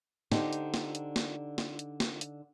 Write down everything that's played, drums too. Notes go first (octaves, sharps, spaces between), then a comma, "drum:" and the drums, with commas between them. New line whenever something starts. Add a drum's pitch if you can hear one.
D3 D#4 G4 C5, drum: snare
drum: hi-hat
drum: snare
drum: hi-hat
drum: snare
drum: snare
drum: hi-hat
drum: snare
drum: hi-hat